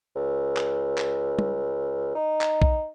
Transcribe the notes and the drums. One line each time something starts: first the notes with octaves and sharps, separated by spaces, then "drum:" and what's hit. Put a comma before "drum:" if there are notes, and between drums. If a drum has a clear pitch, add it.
C#2
drum: clap
drum: clap
drum: tom
D#4
drum: clap
drum: kick